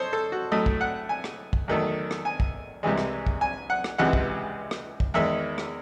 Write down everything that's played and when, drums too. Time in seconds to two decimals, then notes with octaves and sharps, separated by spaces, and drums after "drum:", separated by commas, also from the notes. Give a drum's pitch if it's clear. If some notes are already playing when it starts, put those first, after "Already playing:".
Already playing: A4 C5 C#5 D#5
0.13 A4
0.32 F#4
0.52 A2 F#3 A3 D#5
0.66 drum: kick
0.81 F#5
1.09 G#5
1.24 drum: rim click
1.53 drum: kick
1.68 E2 D#3 F#3 A3
2.11 drum: rim click
2.25 G#5
2.40 drum: kick
2.83 C2 C3 E3 G#3
2.98 drum: rim click
3.27 drum: kick
3.41 G#5
3.70 F#5
3.84 drum: rim click
3.98 C#2 C3 E3 G#3 F#5
4.13 drum: kick
4.71 drum: rim click
5.00 drum: kick
5.14 E2 D#3 G#3 E5
5.58 drum: rim click